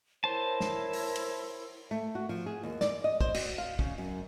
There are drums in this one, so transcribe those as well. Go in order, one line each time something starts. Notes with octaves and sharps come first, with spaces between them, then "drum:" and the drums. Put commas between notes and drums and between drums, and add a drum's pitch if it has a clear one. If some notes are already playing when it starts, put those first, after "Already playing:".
E4 A#4 C5 C#5 A5
drum: snare
drum: open hi-hat
drum: cymbal
A3
F#4
F3
G#4
D#2
D5, drum: snare
D#5
C5, drum: kick
F#4, drum: cymbal
F5
C#3, drum: kick
F#2